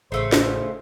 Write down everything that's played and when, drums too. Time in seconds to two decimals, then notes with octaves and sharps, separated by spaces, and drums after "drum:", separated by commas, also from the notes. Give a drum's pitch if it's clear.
0.12 A1 C#3 A3 C4 C5
0.32 drum: snare